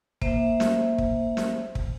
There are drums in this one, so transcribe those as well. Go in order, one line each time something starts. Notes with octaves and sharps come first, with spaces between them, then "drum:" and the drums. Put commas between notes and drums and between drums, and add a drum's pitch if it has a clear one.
A#3 C5 E5, drum: kick
drum: snare
drum: kick
drum: snare
drum: kick